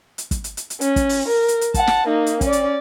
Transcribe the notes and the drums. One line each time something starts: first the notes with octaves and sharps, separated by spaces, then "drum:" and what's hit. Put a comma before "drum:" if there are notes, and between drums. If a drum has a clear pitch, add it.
drum: hi-hat
drum: kick, hi-hat
drum: hi-hat
drum: hi-hat
drum: hi-hat
C#4, drum: hi-hat
drum: kick, hi-hat
drum: open hi-hat
A#4
drum: hi-hat
drum: hi-hat
F#5 A5, drum: kick, hi-hat
drum: snare
A#3 D#4
drum: hi-hat
C#4 D5, drum: kick, hi-hat
drum: hi-hat